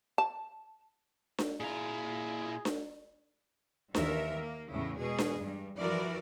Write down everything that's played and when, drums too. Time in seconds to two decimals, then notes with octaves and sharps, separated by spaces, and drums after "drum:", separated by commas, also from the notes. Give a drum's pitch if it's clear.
0.18 A5
1.38 drum: snare D4
1.60 A#2 E4 F4 G#4 A#5
2.65 drum: snare D4
3.95 D#2 D#3 E3 A#4 E5, drum: snare D4
4.38 A#3
4.68 E2 A2 C#3 E4
4.97 B2 G#3 G#4
5.18 drum: snare D4
5.39 G2
5.78 E3 F3 E4 F#4 A#4 D5